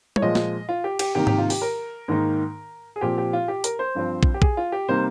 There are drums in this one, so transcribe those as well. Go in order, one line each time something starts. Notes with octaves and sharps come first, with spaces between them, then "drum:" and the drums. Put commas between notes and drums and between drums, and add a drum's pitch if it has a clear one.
C#5, drum: tom G3
A#2 F3 G#3 D#5
drum: snare
F4
G4
G4, drum: cymbal
C3 D#3 A#3 D#4 G4
G4, drum: tom G#2
F4
G4, drum: open hi-hat
A#4
G#2 D#3 A#3 D#4
G#4
A#2 F3 C4 G4
G4
F4
G4
A#4, drum: hi-hat
C5
G2 F3 C4
drum: kick
G4
G#4, drum: kick
F4
G4
C3 G3 A#3 D#4 C5